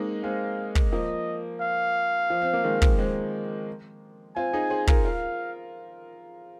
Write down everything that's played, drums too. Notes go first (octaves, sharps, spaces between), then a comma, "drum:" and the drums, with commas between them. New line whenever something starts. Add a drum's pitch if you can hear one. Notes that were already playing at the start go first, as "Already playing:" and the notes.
Already playing: G#3 A#3 C4 D#4
G#3 C4 F5
drum: kick
F3 A#3 D#5
F5
F3
C4
A#3
D#3 G#3
drum: kick
G#3 C4
C4 F4 G#5
D#4 G#4
G#4 C5
F4 A#4, drum: kick
F4 A#4 F5